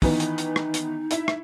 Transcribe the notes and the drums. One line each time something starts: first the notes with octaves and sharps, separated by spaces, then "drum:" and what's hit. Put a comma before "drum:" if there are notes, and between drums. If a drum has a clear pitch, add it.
D#3 E3 B3 D#4, drum: kick, open hi-hat
drum: hi-hat
drum: hi-hat
drum: rim click
drum: hi-hat
E4 E5, drum: hi-hat
drum: rim click